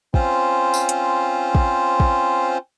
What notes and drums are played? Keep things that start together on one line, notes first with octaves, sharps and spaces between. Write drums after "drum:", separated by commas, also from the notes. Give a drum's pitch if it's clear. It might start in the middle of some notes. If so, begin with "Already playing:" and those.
C4 C#4 F4 C5, drum: kick
drum: tambourine
drum: hi-hat
drum: kick
drum: kick